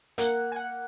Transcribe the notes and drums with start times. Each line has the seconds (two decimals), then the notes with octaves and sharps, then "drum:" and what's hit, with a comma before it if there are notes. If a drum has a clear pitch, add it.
0.18 A#3 F#5, drum: hi-hat
0.52 G#5
0.56 F#5